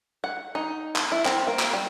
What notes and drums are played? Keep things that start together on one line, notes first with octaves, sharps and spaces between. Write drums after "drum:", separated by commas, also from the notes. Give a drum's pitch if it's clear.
F#5
D#4
drum: clap
E4
C4, drum: clap
A#3
drum: clap
G3